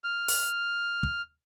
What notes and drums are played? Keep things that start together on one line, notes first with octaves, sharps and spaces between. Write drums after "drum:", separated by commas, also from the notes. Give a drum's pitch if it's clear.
F6
drum: open hi-hat
drum: kick